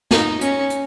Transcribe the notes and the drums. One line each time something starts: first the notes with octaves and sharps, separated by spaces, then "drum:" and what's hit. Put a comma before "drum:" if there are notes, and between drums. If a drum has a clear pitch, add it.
D#4, drum: snare
C#4, drum: hi-hat
drum: hi-hat